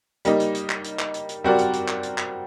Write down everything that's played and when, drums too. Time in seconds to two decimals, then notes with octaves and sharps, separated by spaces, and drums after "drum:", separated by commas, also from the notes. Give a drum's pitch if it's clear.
0.25 G3 A#3 D#4, drum: hi-hat
0.40 drum: hi-hat
0.55 drum: hi-hat
0.69 drum: clap
0.84 drum: hi-hat
0.99 drum: clap
1.14 drum: hi-hat
1.29 drum: hi-hat
1.44 G3 C4 F#4 A#4 D5
1.59 drum: hi-hat
1.73 drum: hi-hat
1.88 drum: clap
2.03 drum: hi-hat
2.18 drum: clap